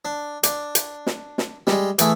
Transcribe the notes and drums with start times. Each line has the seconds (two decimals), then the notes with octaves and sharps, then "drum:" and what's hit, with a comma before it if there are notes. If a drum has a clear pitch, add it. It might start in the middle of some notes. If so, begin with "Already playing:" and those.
0.05 D4
0.43 D4, drum: hi-hat
0.75 drum: hi-hat
1.07 drum: snare
1.38 drum: snare
1.67 G3 G#3, drum: snare
1.99 E3 A3 E4 G#4, drum: hi-hat